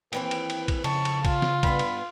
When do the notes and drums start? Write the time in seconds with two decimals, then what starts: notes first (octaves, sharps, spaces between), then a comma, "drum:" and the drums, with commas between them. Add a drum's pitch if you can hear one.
0.13 D#2 E3 C4 B4 G5, drum: cymbal
0.31 drum: cymbal
0.50 drum: cymbal
0.68 drum: kick, cymbal
0.84 F2 C#3 A5 C#6, drum: cymbal
1.05 drum: cymbal
1.25 F4 G#5, drum: kick, cymbal
1.42 drum: snare
1.63 G2 B3 B5, drum: kick, cymbal
1.79 drum: cymbal